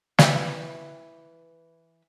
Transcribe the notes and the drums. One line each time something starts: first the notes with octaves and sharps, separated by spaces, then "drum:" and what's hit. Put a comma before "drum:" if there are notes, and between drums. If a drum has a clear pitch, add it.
E3 B4 E5 G5, drum: snare